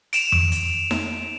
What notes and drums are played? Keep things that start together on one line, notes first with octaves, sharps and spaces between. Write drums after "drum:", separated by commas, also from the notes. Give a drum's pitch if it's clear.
D7 E7 F7, drum: hi-hat
drum: tom F2
drum: hi-hat
drum: snare D#4